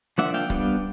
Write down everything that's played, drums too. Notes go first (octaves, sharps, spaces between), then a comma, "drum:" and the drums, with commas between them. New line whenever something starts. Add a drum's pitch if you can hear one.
F3 A#3 D4 E5 F#5
F5 G5
G3 B3 D4, drum: kick C#1